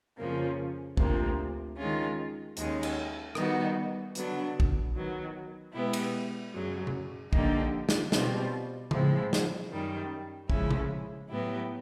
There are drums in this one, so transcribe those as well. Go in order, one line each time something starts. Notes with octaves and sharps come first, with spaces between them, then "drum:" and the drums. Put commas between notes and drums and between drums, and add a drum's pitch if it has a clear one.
F2 C#3 F3 A#3 C#4
D2 C3 F3 A#3, drum: kick
D#3 G#3 C#4 F4
D#2 D#3 G#3 C#4, drum: hi-hat
drum: cymbal
D#3 G3 B3 D#4 F#4, drum: rim click
D3 F#3 B3 D4, drum: hi-hat
drum: kick
D#3 F#3 B3
B2 G#3 B3 E4 G4
drum: cymbal
F#2 C#3 F#3
drum: tom C3
D3 F3 A#3 D#4 G4, drum: kick
drum: snare
B2 G3 C4 F4, drum: snare
A2 F3 G#3 C4 E4, drum: tom C#3
drum: snare
F#2 D#3 G3
C#3 F3 G#3 C#4 E4, drum: kick
drum: tom C3
A2 F#3 B3 E4 G4